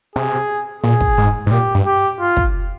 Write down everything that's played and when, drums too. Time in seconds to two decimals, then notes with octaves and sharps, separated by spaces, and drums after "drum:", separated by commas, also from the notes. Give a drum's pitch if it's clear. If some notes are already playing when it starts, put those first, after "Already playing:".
0.15 C3 G#4
0.84 A#2 G#4
1.01 drum: kick
1.18 G#2
1.46 G#2
1.51 A#2 G4
1.75 G2
1.86 G4
2.20 F4
2.37 drum: kick